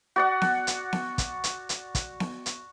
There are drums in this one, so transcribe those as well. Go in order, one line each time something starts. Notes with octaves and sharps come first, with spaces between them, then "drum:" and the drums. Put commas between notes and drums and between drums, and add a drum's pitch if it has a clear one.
F#4 D5 F#5
drum: snare B3
drum: hi-hat
drum: snare B3
drum: kick, hi-hat
drum: hi-hat
drum: hi-hat
drum: kick, hi-hat
drum: snare B3
drum: hi-hat